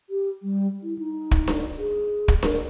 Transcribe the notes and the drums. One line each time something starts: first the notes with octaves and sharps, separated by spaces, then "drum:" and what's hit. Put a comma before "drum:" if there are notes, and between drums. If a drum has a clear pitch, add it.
G4
G3
E4
D#4
drum: kick
drum: snare D4
G#4
drum: kick
A#4, drum: snare D4